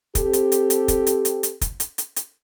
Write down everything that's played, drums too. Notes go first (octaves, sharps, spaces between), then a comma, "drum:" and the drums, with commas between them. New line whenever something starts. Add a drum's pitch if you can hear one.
C4 G4 A4, drum: kick, hi-hat
drum: hi-hat
drum: hi-hat
drum: hi-hat
drum: kick, hi-hat
drum: hi-hat
drum: hi-hat
drum: hi-hat
drum: kick, hi-hat
drum: hi-hat
drum: hi-hat
drum: hi-hat